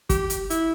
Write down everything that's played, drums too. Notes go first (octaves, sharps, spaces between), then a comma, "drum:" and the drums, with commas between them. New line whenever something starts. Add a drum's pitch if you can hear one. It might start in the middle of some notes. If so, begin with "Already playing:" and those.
G4, drum: kick, hi-hat
drum: hi-hat
E4, drum: hi-hat